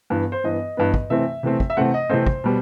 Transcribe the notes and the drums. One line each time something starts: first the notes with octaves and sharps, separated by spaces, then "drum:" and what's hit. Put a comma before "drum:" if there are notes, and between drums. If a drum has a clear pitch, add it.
G2 E3 B3
C5
G2 E3 B3 D#5
G2 E3 B3
drum: kick
C3 E3 A3 C4 E5
C3 E3 A3 C4
drum: kick
E5
C3 E3 A3 C4 F#5
D#5
C3 E3 A3 C4 C5
drum: kick
B2 G3 B3